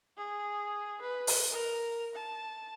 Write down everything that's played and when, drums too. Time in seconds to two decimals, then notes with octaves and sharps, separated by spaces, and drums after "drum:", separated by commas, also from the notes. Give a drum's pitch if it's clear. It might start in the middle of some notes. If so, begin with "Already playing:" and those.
0.17 G#4
1.02 B4
1.27 drum: open hi-hat
1.51 A#4
2.15 A5